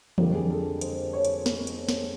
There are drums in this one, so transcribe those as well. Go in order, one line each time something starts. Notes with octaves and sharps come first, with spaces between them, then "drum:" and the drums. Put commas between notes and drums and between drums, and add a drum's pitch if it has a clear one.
F2 D3 G3 A#3 G4, drum: tom E3
G#4
A4
C5, drum: hi-hat
C#5
drum: hi-hat
drum: snare
drum: hi-hat
drum: snare